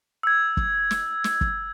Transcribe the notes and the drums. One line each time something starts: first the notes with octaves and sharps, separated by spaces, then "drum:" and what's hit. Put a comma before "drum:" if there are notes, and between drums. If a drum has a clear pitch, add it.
E6 G#6
drum: kick
drum: snare
drum: snare
drum: kick